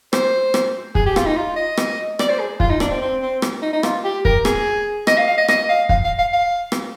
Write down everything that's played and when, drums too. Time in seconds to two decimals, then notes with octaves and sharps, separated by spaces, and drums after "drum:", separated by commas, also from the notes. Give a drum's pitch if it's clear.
0.13 C5, drum: rim click
0.54 drum: rim click
0.95 G#4, drum: kick
1.06 G4
1.16 F4, drum: rim click
1.26 D#4
1.37 F4
1.56 D#5
1.77 drum: rim click
2.19 D5, drum: rim click
2.30 C5
2.39 G#4
2.60 F4, drum: kick
2.70 D#4
2.80 D4, drum: rim click
2.90 C4
3.01 C4
3.22 C4
3.42 drum: rim click
3.62 D#4
3.73 D#4
3.83 F4, drum: rim click
4.04 G4
4.25 A#4, drum: kick
4.45 G#4, drum: rim click
5.07 D#5, drum: rim click
5.17 F5
5.28 F5
5.38 D#5
5.48 D#5, drum: rim click
5.69 F5
5.89 F5, drum: kick
6.04 F5
6.19 F5
6.33 F5
6.72 drum: rim click